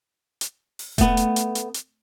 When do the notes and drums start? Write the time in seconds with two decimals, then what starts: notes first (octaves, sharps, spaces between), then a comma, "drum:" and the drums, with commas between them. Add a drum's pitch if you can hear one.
0.41 drum: hi-hat
0.79 drum: open hi-hat
0.98 A3 B3, drum: kick E1, hi-hat
1.17 drum: hi-hat
1.36 drum: hi-hat
1.55 drum: hi-hat
1.74 drum: hi-hat